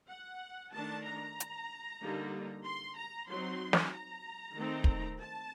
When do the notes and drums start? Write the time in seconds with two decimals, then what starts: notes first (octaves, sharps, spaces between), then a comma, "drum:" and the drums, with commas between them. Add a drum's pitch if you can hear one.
0.09 F#5
0.73 D#3 A3 D4 A5
1.05 A#5
1.40 drum: hi-hat
2.01 D3 G3 A#3 D#4
2.65 C6
2.97 A#5
3.29 F#3 C4 D#4 C6
3.73 drum: snare
3.93 A#5
4.56 D#3 A3 C4 D#4
4.84 drum: kick
5.20 A5